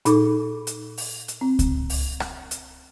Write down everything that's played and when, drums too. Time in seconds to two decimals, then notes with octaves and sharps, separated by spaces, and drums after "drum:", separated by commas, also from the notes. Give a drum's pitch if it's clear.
0.05 A#2 D#4 A4 D6, drum: hi-hat
0.67 drum: hi-hat
0.97 drum: open hi-hat
1.28 drum: hi-hat
1.41 C4
1.59 drum: kick C#2, hi-hat
1.90 drum: open hi-hat
2.20 drum: rim click
2.51 drum: hi-hat